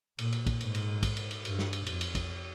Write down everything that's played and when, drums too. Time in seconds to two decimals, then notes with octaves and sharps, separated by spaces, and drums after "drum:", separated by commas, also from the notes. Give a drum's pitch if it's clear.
0.19 A#2, drum: cymbal
0.32 drum: cymbal
0.47 drum: kick, cymbal
0.61 G#2, drum: cymbal
0.75 drum: cymbal
1.03 drum: kick, cymbal
1.17 drum: cymbal
1.31 drum: cymbal
1.45 G2, drum: cymbal
1.59 drum: snare
1.73 drum: cymbal
1.86 F2, drum: cymbal
2.01 drum: cymbal
2.15 drum: kick, cymbal